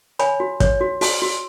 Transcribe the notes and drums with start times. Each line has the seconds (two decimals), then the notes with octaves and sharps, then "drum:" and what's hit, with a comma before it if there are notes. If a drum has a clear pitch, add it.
0.19 C#5 G#5 B5, drum: hi-hat
0.40 F#4
0.60 C#5, drum: kick, hi-hat
0.81 F#4
1.01 F#4, drum: open hi-hat
1.22 F#4